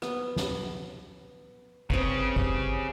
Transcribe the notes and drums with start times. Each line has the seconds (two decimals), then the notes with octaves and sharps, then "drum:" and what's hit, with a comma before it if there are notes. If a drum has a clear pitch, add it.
0.02 B3, drum: rim click
0.36 drum: snare
1.90 C#3 C4 B4, drum: kick
2.36 G4, drum: kick